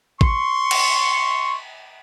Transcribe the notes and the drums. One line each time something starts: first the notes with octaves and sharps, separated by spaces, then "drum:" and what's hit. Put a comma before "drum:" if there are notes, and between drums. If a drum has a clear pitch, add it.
C6 C#6, drum: kick
drum: cymbal